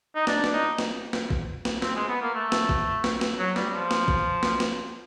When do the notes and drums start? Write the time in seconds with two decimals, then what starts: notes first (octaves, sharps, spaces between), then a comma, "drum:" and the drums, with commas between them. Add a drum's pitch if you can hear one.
0.15 D#4
0.27 D4, drum: snare
0.44 drum: snare
0.53 D#4
0.78 drum: snare
1.13 drum: snare
1.31 drum: kick
1.65 drum: snare
1.82 C4, drum: snare
1.95 G#3
2.08 B3
2.22 A#3
2.35 A3
2.52 drum: snare
2.69 drum: kick
3.04 drum: snare
3.21 drum: snare
3.39 F#3
3.56 G3, drum: snare
3.73 F3
3.91 drum: snare
4.08 drum: kick
4.43 drum: snare
4.60 drum: snare